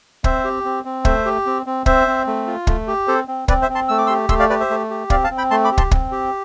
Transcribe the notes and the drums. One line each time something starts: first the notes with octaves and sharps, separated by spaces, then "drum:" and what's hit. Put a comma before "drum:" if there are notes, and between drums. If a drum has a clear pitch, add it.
C4 C5 E5, drum: kick
G4
C4
C4
A3 C5 E5, drum: kick
G4
C4
C4
C4 C5 E5, drum: kick
C4
A3
F4
A3, drum: kick
G4
C4 A4 C5
C4
C4 B4 D5, drum: kick
C5 E5
C4
A5 C6
A3 E6
D6
C6 E6
G4
A3 C6 E6, drum: kick
D5 F5
G4 B4 D5
C5 E5
A3
G4
C4 D5 F5, drum: kick
F5 A5
C4
G5 B5
A3 A5 C6
B5 D6
G4
A5 C6, drum: kick
C4, drum: kick
G4